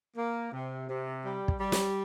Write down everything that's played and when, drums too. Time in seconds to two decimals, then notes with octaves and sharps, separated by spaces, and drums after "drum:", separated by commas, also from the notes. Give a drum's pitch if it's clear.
0.16 A#3
0.52 C3
0.89 C3
1.24 G3
1.48 drum: kick
1.60 G3
1.72 drum: snare